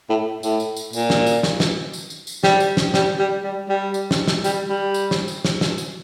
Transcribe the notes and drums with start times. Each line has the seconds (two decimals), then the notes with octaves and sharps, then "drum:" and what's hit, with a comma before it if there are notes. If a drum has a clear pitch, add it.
0.10 A2
0.43 A2, drum: tambourine
0.60 drum: tambourine
0.76 drum: tambourine
0.93 A#2, drum: tambourine
1.10 drum: snare
1.27 drum: tambourine
1.43 drum: snare
1.60 drum: snare
1.94 drum: tambourine
2.10 drum: tambourine
2.27 drum: tambourine
2.44 G3, drum: snare
2.60 drum: tambourine
2.77 drum: snare
2.94 G3, drum: snare
3.19 G3
3.44 G3
3.69 G3
3.94 drum: tambourine
4.11 drum: snare
4.28 drum: snare
4.44 G3, drum: tambourine
4.69 G3
4.94 drum: tambourine
5.11 drum: snare
5.28 drum: tambourine
5.45 drum: snare
5.61 drum: snare
5.78 drum: tambourine